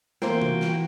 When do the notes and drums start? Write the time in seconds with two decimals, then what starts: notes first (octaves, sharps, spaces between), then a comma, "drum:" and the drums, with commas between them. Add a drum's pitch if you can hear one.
0.22 E3 A3 A#3 C4 F4 F#4 C5 G5, drum: snare
0.42 drum: tom C3
0.61 drum: snare